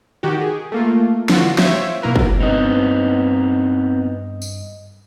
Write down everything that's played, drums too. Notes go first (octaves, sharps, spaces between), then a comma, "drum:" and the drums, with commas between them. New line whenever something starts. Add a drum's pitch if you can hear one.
D#3 F#4 G4
G#4
A3 A#3 F4
D3 E3 F4 F#4, drum: snare
F4 C5 C#5 E5 G5, drum: snare
B2 A#3 E4 A#4 B4
drum: kick
G2 B3 C4 D#4 D#5
drum: tambourine